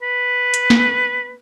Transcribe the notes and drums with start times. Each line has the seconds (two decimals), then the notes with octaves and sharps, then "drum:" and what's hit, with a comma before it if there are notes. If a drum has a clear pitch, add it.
0.03 B4
0.54 drum: hi-hat
0.70 drum: snare